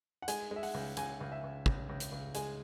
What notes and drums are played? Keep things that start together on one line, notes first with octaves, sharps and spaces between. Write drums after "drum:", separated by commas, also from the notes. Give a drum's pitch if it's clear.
F#5
G#3 G#5, drum: hi-hat
G#3
E5
F#5, drum: open hi-hat
C#2
C#2 G#5, drum: hi-hat
C#2
E5
C#2
C#2, drum: kick
C#2
drum: hi-hat
C#2
G#3 G#5, drum: hi-hat